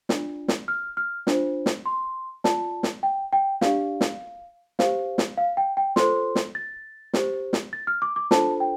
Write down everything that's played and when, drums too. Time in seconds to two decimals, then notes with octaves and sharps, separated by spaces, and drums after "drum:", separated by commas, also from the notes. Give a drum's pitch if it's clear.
0.09 D4 F4 D5, drum: snare
0.48 drum: snare
0.68 F6
0.97 F6
1.27 D4 F4 C5, drum: snare
1.66 drum: snare
1.86 C6
2.44 F4 D5 A5, drum: snare
2.83 drum: snare
3.03 G5
3.33 G5
3.61 D4 G4 D5 F5, drum: snare
4.01 drum: snare
4.79 G4 C5 F5, drum: snare
5.18 drum: snare
5.38 F5
5.57 G5
5.77 G5
5.96 F4 A4 C5 C6, drum: snare
6.35 drum: snare
6.55 A6
7.14 G4 C5, drum: snare
7.53 drum: snare
7.73 A6
7.87 F6
8.02 D6
8.16 D6
8.31 D4 F4 A4 C5 A5, drum: snare
8.60 G5